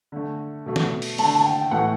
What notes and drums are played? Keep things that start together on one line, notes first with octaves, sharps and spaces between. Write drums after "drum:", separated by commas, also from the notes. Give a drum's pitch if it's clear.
D3 A3
B2 A3
drum: snare
drum: open hi-hat
D3 A3 A5, drum: open hi-hat
A5
G5
G5
A2 E3 A3 F#5